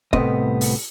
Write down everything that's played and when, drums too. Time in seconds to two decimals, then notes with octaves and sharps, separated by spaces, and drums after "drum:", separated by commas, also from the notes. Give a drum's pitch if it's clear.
0.13 C2 A2 B3 C4 D#5, drum: kick
0.61 drum: open hi-hat